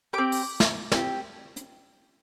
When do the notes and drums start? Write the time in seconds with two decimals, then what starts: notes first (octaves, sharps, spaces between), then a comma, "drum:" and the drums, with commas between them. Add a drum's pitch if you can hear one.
0.13 C4 G4 D6
0.32 drum: open hi-hat
0.60 drum: snare
0.92 C4 G4, drum: snare
1.57 drum: hi-hat